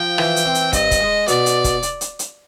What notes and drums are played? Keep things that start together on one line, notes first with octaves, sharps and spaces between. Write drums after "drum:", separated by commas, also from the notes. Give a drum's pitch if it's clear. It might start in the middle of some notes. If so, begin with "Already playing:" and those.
Already playing: F3 G5
E3, drum: rim click
drum: hi-hat
C4
drum: hi-hat
G2 D#5, drum: kick, hi-hat
drum: kick, hi-hat
G#3
B2 D5, drum: hi-hat
drum: hi-hat
drum: kick, hi-hat
drum: hi-hat
drum: hi-hat
drum: hi-hat